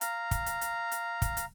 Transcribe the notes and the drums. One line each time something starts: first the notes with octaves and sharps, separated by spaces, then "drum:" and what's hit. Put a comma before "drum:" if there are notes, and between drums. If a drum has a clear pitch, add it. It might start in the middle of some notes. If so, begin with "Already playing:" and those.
F5 A#5, drum: hi-hat
drum: kick, hi-hat
drum: hi-hat
drum: hi-hat
drum: hi-hat
drum: kick, hi-hat
drum: hi-hat